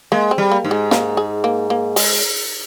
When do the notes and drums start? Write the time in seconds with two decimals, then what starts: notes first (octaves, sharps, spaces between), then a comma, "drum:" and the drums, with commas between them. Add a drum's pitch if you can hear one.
0.12 G#3 A#3
0.31 C4
0.38 G3
0.52 A#3
0.65 G#2
0.71 G#3
0.91 A#3, drum: snare
1.17 G#4
1.44 A#3
1.70 A#3
1.96 G#3, drum: open hi-hat